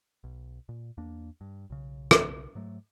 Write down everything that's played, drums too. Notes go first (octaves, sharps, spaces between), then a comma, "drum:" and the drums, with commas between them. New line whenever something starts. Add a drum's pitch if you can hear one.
B1
A#2
E2 A#3 D4
G2
B1 C#3
drum: rim click
G#2 F#3 A3